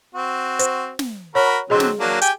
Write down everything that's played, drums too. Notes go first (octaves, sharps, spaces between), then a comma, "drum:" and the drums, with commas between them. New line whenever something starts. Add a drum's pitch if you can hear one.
C4 F#4
C5, drum: hi-hat
drum: snare
F#4 A#4 C#5 B5
D3 F#3 C4 G#4 D#5 C6
drum: snare
F#3 A#3 D4
G4 G5 G#5, drum: hi-hat